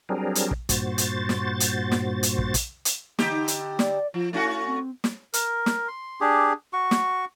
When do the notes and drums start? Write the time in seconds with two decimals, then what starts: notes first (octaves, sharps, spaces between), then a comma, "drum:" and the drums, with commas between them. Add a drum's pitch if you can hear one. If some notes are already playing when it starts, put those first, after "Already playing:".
0.09 F#3 G3 C4 D4 G#4 A#4
0.35 drum: hi-hat
0.51 drum: kick
0.69 G2 A#2 F#4 C5 A6, drum: kick, hi-hat
0.98 drum: hi-hat
1.29 drum: snare
1.60 drum: hi-hat
1.91 drum: snare
2.23 drum: hi-hat
2.38 drum: kick
2.54 drum: kick, hi-hat
2.85 drum: hi-hat
3.19 D3 D#4 G4, drum: snare
3.48 drum: hi-hat
3.79 D5, drum: snare
4.14 F3 F4
4.33 A3 C#4 E4 F#4
4.67 C4
5.04 drum: snare
5.33 A#4, drum: hi-hat
5.66 drum: snare
5.88 C6
6.21 D4 G4 G#4
6.73 F#4 C#6
6.91 drum: snare